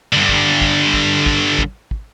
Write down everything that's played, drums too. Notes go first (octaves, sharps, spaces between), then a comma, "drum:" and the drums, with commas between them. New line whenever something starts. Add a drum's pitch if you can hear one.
G2 D3
drum: kick
drum: kick
drum: kick
drum: kick
drum: kick
drum: kick